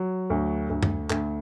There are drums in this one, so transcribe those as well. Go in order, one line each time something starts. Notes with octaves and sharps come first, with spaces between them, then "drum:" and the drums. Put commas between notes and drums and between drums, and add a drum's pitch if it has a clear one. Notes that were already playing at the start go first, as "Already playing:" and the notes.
Already playing: F#3
D2
D2
drum: tom F#2
D2, drum: clap